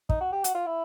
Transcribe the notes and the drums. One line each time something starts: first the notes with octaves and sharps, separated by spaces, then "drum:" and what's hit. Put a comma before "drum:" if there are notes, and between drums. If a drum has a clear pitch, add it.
D#4, drum: kick
F#4
G4
F#4, drum: hi-hat
F4
E4